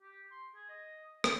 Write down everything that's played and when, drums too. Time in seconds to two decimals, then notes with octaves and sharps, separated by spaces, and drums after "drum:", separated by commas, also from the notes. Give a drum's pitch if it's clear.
0.02 G4
0.31 C6
0.55 G#4
0.69 D#5
1.24 F4, drum: rim click